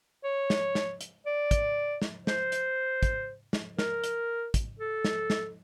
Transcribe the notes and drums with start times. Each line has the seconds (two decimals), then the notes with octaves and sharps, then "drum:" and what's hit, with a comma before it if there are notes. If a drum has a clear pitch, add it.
0.24 C#5
0.50 drum: snare
0.75 drum: snare
1.01 drum: hi-hat
1.26 D5
1.51 drum: kick, hi-hat
2.02 drum: snare
2.27 C5, drum: snare
2.52 drum: hi-hat
3.03 drum: kick, hi-hat
3.53 drum: snare
3.79 A#4, drum: snare
4.04 drum: hi-hat
4.54 drum: kick, hi-hat
4.79 A4
5.05 drum: snare
5.30 drum: snare